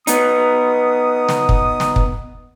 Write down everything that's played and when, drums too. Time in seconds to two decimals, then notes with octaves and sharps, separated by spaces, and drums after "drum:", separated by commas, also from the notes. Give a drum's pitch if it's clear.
0.07 B3 D#4 D#6, drum: hi-hat
1.29 drum: snare
1.49 drum: kick
1.80 drum: snare
1.96 drum: kick